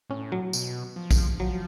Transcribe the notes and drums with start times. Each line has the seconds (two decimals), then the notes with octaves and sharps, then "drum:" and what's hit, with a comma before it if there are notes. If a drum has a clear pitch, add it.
0.10 A2 C#4
0.32 F#3
0.53 B2, drum: tambourine
0.96 F3
1.11 drum: kick, tambourine
1.40 F3 F#3